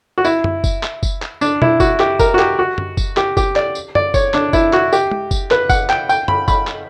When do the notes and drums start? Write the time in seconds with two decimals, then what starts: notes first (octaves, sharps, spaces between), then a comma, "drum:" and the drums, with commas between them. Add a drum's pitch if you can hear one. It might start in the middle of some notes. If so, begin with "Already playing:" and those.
0.18 F#4
0.25 E4, drum: tambourine
0.44 drum: tom F#2
0.64 drum: kick F#1, tambourine
0.83 drum: clap
1.03 drum: kick F#1, tambourine
1.22 drum: clap
1.41 D4, drum: tambourine
1.62 E4, drum: tom B2
1.80 F#4, drum: kick F#1, tambourine
2.00 G4, drum: clap
2.19 A#4, drum: kick F#1, tambourine
2.34 F#4
2.39 G4, drum: clap
2.59 F#4
2.78 drum: tom F#2
2.97 drum: kick F#1, tambourine
3.17 G4, drum: clap
3.37 G4, drum: kick F#1, tambourine
3.56 D5, drum: clap
3.75 drum: tambourine
3.95 D5, drum: tom F#2
4.14 C#5, drum: kick F#1, tambourine
4.34 D4, drum: clap
4.53 E4, drum: kick F#1, tambourine
4.73 F#4, drum: clap
4.93 G4, drum: tambourine
5.11 drum: tom
5.31 drum: kick F#1, tambourine
5.51 B4, drum: clap
5.69 F#5, drum: kick F#1, tambourine
5.90 G5, drum: clap
6.09 G5, drum: tambourine
6.28 B5, drum: tom F#2
6.48 B5, drum: kick F#1, tambourine
6.67 drum: clap